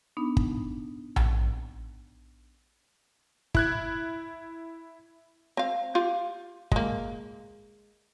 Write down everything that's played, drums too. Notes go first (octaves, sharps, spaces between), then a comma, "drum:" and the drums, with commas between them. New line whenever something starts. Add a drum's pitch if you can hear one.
B3 D4 D#4
drum: kick
drum: tom A#1
E4 F#6 G#6, drum: kick
C4 F5
F4 G4 F5
G#3 A#3, drum: kick